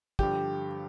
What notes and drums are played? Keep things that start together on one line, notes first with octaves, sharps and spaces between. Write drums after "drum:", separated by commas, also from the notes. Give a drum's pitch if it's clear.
G2 D3 F3 G4, drum: kick